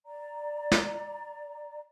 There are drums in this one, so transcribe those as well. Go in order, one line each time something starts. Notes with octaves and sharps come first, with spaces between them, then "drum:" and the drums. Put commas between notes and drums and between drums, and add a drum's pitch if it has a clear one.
D5 A#5
drum: snare